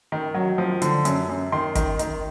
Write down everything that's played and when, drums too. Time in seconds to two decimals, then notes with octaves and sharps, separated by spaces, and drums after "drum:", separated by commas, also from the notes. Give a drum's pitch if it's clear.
0.12 D#3
0.34 F#3
0.58 F3
0.82 D3, drum: hi-hat
1.05 F#2, drum: hi-hat
1.29 F#2
1.52 D#3 C6
1.75 D#3, drum: kick, hi-hat
1.99 D#3, drum: hi-hat